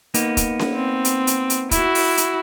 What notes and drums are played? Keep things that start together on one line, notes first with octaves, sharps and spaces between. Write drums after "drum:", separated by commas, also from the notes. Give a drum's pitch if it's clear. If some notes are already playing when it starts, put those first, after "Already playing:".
A#3 B3 D#4, drum: hi-hat
drum: kick, hi-hat
drum: snare C#4
C4
drum: hi-hat
drum: hi-hat
drum: hi-hat
E4 F#4, drum: kick, hi-hat
drum: open hi-hat
drum: hi-hat